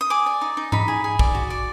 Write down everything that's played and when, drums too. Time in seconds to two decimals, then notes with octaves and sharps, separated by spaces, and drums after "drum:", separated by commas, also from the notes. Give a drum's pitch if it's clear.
0.01 D#6
0.10 G#4 D6
0.26 D5
0.41 D#4
0.57 D#4
0.72 D#4 B5, drum: tom G#2
0.88 G#4
1.04 G#4
1.19 D5, drum: kick
1.35 F#4
1.50 D5